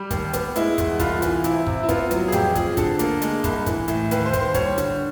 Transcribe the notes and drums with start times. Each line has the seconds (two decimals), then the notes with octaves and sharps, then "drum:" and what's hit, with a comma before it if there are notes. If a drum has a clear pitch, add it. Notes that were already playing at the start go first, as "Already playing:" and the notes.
Already playing: G3 G4
0.11 D#2, drum: kick, hi-hat
0.33 B3, drum: hi-hat
0.56 G#3 E4, drum: hi-hat
0.78 E2, drum: kick, hi-hat
0.99 C2 F4, drum: kick, hi-hat
1.22 E3, drum: hi-hat
1.44 C3 E4, drum: hi-hat
1.67 C3, drum: kick
1.83 E4
1.89 B3 F4, drum: kick, hi-hat
2.11 F#3, drum: hi-hat
2.28 G#4
2.32 F2 G4, drum: hi-hat
2.55 F3 G#4, drum: kick, hi-hat
2.77 D3 A4, drum: kick, hi-hat
2.99 A#3, drum: hi-hat
3.22 G#3, drum: hi-hat
3.44 C2, drum: kick, hi-hat
3.66 E3, drum: kick, hi-hat
3.88 A2, drum: hi-hat
4.11 D#2 B4, drum: hi-hat
4.25 C5
4.33 D#2, drum: kick, hi-hat
4.40 C5
4.54 G3 C#5, drum: kick, hi-hat
4.78 D3, drum: hi-hat